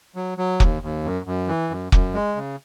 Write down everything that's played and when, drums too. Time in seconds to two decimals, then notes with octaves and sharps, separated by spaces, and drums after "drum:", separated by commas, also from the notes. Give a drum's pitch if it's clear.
0.16 F#3
0.38 F#3
0.60 D#2, drum: kick
0.82 D#2
1.04 F#2
1.26 F#2
1.48 E3
1.70 F#2
1.92 F#2, drum: kick
2.14 G#3
2.36 C#3